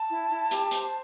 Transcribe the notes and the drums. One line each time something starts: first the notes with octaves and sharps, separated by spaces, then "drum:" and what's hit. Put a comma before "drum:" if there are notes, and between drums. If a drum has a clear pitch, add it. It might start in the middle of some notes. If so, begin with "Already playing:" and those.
Already playing: A5
E4
E4
G4, drum: hi-hat
C5, drum: hi-hat